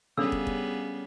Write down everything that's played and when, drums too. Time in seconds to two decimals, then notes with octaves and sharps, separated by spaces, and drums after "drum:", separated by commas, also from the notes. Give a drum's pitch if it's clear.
0.17 C#3 G3 B3 D4 G#4 A4 E6
0.32 drum: kick
0.47 drum: kick